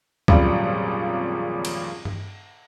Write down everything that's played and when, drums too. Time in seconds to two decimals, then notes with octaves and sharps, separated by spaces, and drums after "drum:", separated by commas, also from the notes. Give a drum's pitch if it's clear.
0.28 G#1 F2 A#2 C#3 F#3 G3, drum: kick C#2
1.65 drum: cymbal
2.05 drum: tom G2